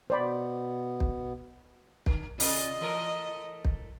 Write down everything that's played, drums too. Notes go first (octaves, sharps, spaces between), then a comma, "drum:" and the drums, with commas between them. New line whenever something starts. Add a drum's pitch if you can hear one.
B2 B3 C5 D5 B5
drum: kick
D3, drum: kick
C3 F4 D#5, drum: open hi-hat
E3 A3 A#4
drum: kick